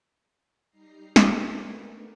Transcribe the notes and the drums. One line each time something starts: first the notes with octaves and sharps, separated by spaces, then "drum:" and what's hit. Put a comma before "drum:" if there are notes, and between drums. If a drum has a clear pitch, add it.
G3 D#4 A#5 C7
drum: snare
A3 B3 D4 A#4